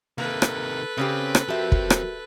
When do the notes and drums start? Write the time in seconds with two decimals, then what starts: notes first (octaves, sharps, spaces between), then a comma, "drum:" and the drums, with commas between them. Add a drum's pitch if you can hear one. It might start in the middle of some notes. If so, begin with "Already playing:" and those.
0.18 C3 D#3 A#3 A4 B4
0.42 drum: rim click
0.97 C#3 C4 C#4 G4
1.35 drum: rim click
1.48 F3 C4 F#4 G4 A#4 E5
1.72 drum: kick
1.90 drum: rim click